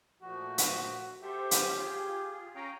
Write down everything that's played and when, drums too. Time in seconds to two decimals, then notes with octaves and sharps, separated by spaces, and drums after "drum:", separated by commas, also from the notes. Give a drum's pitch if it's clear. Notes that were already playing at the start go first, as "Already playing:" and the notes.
0.22 A#2 F3 A3 F#4
0.58 drum: hi-hat
1.22 G4 A4 C5 E5
1.51 C#4 C5, drum: hi-hat
1.77 F4 G4 G#4
2.55 C#4 F5 G5 A#5